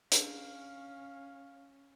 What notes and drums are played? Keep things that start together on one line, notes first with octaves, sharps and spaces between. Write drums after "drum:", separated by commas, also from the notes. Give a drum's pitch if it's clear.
C#4 D4 G#4 F5, drum: hi-hat